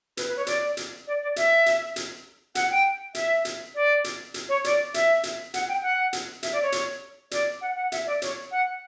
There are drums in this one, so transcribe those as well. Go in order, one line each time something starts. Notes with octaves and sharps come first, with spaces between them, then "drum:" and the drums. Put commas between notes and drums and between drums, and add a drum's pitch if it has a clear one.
B4, drum: hi-hat
B4
C#5
D5, drum: hi-hat
drum: hi-hat
D5
D5
E5, drum: hi-hat
drum: hi-hat
drum: hi-hat
F#5, drum: hi-hat
G5
E5, drum: hi-hat
drum: hi-hat
D5
drum: hi-hat
drum: hi-hat
C#5
D5, drum: hi-hat
E5, drum: hi-hat
drum: hi-hat
F#5, drum: hi-hat
G5
F#5
drum: hi-hat
E5, drum: hi-hat
D5
C#5
drum: hi-hat
D5, drum: hi-hat
F#5
F#5
E5, drum: hi-hat
D5
C#5, drum: hi-hat
F#5